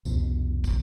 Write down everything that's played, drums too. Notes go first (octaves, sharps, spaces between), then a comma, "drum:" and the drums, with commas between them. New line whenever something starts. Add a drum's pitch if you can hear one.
C2 F2 B2, drum: tambourine
drum: kick, tambourine